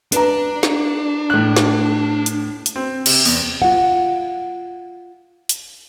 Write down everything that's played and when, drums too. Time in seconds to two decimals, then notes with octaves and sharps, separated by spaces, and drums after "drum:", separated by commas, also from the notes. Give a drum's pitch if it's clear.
0.12 D4 B4 A#5, drum: hi-hat
0.63 drum: snare
1.30 A2 F#6
1.56 drum: snare
2.26 drum: hi-hat
2.66 drum: hi-hat
2.76 C4
3.06 C3, drum: cymbal
3.25 E2, drum: open hi-hat
3.62 F4 F#5
5.49 drum: hi-hat